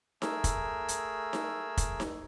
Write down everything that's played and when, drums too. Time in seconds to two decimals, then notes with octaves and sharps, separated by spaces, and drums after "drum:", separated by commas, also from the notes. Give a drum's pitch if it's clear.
0.22 A3 G#4 A#4 E6, drum: snare D#4
0.44 drum: kick, hi-hat
0.88 drum: hi-hat
1.33 drum: snare D#4
1.77 drum: kick, hi-hat
2.00 drum: snare D#4